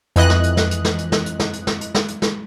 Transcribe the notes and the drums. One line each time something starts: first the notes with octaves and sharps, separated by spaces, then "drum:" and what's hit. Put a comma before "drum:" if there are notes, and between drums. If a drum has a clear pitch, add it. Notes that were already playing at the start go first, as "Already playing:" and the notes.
F2 E3 D#5 F#6, drum: hi-hat
drum: snare
drum: hi-hat
drum: snare
drum: hi-hat
drum: snare
drum: hi-hat
drum: snare
drum: hi-hat
drum: snare
drum: hi-hat
drum: snare
drum: hi-hat
drum: snare
drum: hi-hat
drum: snare